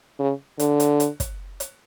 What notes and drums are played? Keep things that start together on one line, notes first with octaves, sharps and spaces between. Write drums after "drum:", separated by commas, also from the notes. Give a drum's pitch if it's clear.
C#3
D3, drum: hi-hat
drum: hi-hat
drum: hi-hat
drum: kick, hi-hat
drum: hi-hat